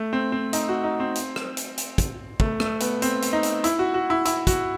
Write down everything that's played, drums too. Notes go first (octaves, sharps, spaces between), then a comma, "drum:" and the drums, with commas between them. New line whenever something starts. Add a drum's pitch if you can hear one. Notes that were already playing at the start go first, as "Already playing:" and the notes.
Already playing: A3
C4
C4
D#4, drum: hi-hat
F#4
D#4
C4
drum: hi-hat
drum: rim click
drum: hi-hat
drum: hi-hat
drum: kick, hi-hat
A3, drum: kick
A3, drum: rim click
B3, drum: hi-hat
C4, drum: hi-hat
drum: hi-hat
D#4
drum: hi-hat
E4, drum: hi-hat
F#4
F#4
E4
E4, drum: hi-hat
F#4, drum: kick, hi-hat